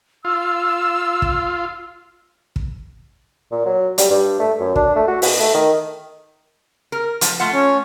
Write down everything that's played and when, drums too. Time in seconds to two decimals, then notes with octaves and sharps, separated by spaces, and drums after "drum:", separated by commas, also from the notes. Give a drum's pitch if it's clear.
0.25 F4 E6
1.22 drum: kick
2.56 drum: kick
3.51 A#2
3.65 F#3
3.98 G3, drum: hi-hat
4.10 G2
4.39 A3
4.60 F#2
4.76 D4, drum: kick
4.96 A3
5.08 F#4
5.22 B2, drum: open hi-hat
5.39 A3
5.54 D#3
6.92 A#4
7.21 F3, drum: hi-hat
7.40 A3 F4 F#5
7.53 C#4